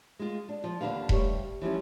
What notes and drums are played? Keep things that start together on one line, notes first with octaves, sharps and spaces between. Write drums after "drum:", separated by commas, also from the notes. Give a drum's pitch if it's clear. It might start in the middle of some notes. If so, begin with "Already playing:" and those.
G#3 F4
D4
F3
D#2 D3 D#3 D4 B4 F5
D2 G3 C#5, drum: kick E1
E3 F3 G3 C#4